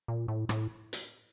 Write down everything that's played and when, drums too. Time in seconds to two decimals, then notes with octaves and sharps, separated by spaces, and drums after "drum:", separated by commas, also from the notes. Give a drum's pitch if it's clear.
0.08 A#2
0.28 A2
0.49 A2, drum: rim click
0.93 drum: hi-hat